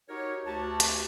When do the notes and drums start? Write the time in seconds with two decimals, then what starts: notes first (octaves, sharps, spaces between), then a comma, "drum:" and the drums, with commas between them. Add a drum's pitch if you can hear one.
0.09 D#4 F#4 G4 A#4 C#5
0.46 D2 F#4 G4 A5
0.80 drum: hi-hat